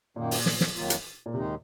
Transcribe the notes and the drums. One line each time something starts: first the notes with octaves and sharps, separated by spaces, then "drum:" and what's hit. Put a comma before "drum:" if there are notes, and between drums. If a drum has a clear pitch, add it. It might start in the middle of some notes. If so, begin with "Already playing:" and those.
F#2 A#2 D#3 A#3
drum: open hi-hat
drum: snare
drum: snare
F2 D#3 F#3 A#3 F4
drum: hi-hat
A#2
D#2 C3 D#3 G#3 D#4